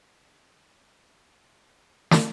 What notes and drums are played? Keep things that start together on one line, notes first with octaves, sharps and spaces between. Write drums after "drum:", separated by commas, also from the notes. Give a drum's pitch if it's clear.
A3 D4 D#4 F5 F#5
drum: snare